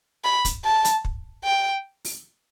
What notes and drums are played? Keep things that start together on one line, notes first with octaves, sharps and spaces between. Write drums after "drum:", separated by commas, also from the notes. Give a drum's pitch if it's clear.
B5
drum: kick, hi-hat
A5
drum: hi-hat
drum: kick
G5
drum: open hi-hat